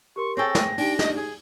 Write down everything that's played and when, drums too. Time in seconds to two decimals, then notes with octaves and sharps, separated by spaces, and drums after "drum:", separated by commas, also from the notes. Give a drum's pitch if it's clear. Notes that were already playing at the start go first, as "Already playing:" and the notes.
0.16 G4 A#4 C6 C#6
0.37 C4 G#4 A4 C#5 G5 C#6 A#6
0.55 drum: snare
0.78 D4 D#4 G4 G5, drum: open hi-hat
0.99 D#5, drum: snare
1.15 G#4